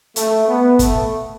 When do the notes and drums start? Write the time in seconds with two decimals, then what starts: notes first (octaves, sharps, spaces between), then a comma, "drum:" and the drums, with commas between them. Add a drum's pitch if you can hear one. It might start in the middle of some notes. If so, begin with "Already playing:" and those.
0.16 A3, drum: hi-hat
0.47 B3
0.79 A3, drum: kick, hi-hat